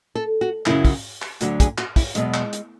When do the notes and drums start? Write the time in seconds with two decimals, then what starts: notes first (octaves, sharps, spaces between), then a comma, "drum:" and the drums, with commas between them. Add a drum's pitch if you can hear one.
0.15 A4
0.41 F#4
0.66 F#2 C#3 F#3 E4, drum: clap
0.85 drum: kick, open hi-hat
1.22 drum: clap
1.41 D2 D3 F#3 F#4, drum: hi-hat
1.60 G#4, drum: kick, hi-hat
1.78 F#4, drum: clap
1.96 E4, drum: kick, open hi-hat
2.15 E2 B2 F#3 G#3, drum: hi-hat
2.34 drum: clap
2.53 drum: hi-hat